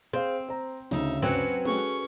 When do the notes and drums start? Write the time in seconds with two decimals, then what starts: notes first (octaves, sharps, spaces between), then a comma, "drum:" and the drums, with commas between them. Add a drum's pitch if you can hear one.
0.13 C4 G#4 C5 F5
0.49 C5 A#5
0.91 D2 C#3 D#4 E5, drum: snare
1.23 F#3 C4 C#4 B4 C#7, drum: tom G2
1.65 C#4 F#4 G#4 A4 C#6, drum: tom G#3